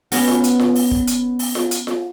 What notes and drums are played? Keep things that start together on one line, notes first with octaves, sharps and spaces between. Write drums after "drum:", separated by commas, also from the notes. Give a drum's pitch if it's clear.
B3 C#4 F#4, drum: open hi-hat
drum: snare F4
drum: hi-hat
drum: snare F4
drum: open hi-hat
drum: kick
drum: hi-hat
drum: open hi-hat
drum: snare F4
drum: hi-hat
drum: snare F4